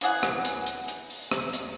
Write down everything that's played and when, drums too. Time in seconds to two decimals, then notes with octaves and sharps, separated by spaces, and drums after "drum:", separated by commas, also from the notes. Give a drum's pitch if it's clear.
0.01 C#3 E3 G#4 F#5, drum: hi-hat
0.23 drum: rim click
0.45 drum: hi-hat
0.66 drum: hi-hat
0.88 drum: hi-hat
1.10 drum: open hi-hat
1.31 drum: rim click
1.53 drum: hi-hat